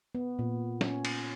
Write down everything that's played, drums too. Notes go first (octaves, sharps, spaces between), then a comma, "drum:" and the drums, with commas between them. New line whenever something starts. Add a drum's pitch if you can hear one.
B3
A#2
C#4, drum: snare
drum: cymbal